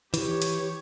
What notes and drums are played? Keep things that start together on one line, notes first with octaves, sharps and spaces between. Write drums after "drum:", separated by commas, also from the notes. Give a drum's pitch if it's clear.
E3 G4 C#5, drum: hi-hat
drum: hi-hat